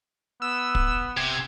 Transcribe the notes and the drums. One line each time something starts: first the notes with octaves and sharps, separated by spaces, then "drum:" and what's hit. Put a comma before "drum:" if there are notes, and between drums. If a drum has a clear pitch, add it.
B3 E6
drum: kick
C3 G#6